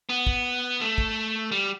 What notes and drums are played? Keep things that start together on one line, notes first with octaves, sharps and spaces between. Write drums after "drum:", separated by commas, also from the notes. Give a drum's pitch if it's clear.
B3
drum: kick
A3
drum: kick
G3